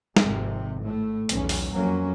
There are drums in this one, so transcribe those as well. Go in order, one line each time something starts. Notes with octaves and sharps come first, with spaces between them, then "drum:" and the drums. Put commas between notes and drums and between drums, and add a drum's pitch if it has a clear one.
G#1 F2 C3, drum: snare
A2 A3
B1 E2 C#4, drum: hi-hat
drum: open hi-hat
F2 F#3 A#3 C#4